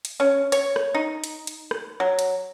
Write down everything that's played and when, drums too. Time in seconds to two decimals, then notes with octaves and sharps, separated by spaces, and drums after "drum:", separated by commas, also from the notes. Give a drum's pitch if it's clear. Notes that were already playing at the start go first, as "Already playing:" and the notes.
0.05 drum: hi-hat
0.20 C#4
0.52 C#5, drum: hi-hat
0.76 drum: rim click
0.95 D#4
1.24 drum: hi-hat
1.47 drum: hi-hat
1.71 drum: rim click
2.00 F#3
2.19 drum: hi-hat